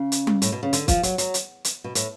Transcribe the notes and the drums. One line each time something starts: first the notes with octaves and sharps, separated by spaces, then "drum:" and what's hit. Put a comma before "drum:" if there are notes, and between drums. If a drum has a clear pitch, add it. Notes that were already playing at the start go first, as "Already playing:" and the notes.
Already playing: C#3
drum: hi-hat
drum: tom G3
A2, drum: hi-hat
B2
C#3
D3, drum: hi-hat
F3, drum: kick, hi-hat
F#3, drum: hi-hat
F#3, drum: hi-hat
drum: hi-hat
drum: hi-hat
B2
A2, drum: hi-hat